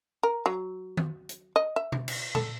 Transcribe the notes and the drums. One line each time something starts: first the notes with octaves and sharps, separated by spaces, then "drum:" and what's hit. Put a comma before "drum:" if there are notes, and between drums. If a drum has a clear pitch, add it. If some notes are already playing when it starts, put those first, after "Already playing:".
A#4
F#3
drum: tom D#3
drum: hi-hat
D#5
E5
drum: tom B2
drum: cymbal
A4, drum: tom A#2